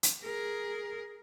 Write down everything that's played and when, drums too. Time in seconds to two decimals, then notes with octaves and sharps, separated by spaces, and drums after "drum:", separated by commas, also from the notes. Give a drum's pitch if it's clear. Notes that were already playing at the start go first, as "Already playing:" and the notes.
0.03 drum: hi-hat
0.23 G#4 A#4